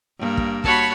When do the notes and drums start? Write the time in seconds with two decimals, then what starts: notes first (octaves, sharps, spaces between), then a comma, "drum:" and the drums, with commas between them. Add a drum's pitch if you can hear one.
0.19 G2 A#3
0.37 drum: kick
0.64 F#4 C#5 A5 B5, drum: kick